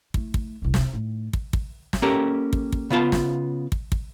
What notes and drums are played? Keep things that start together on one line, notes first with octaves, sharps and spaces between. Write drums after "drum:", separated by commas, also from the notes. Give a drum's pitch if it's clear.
A3 E4, drum: kick
drum: kick
E1 C2
drum: snare
A2 D#3
drum: kick
drum: kick
drum: snare
A#3 C#4 G4 A4 A#4
drum: kick
drum: kick
C#3 B3 F4 A5
drum: snare
drum: kick
drum: kick